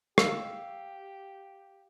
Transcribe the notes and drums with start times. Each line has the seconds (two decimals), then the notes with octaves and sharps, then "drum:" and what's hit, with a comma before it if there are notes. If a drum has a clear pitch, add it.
0.18 G4 F5 E6, drum: rim click